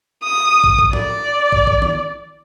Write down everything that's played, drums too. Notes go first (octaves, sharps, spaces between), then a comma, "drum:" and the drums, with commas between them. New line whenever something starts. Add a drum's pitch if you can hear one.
D#6
drum: kick
drum: kick
D5, drum: tom
drum: kick
drum: kick
drum: tom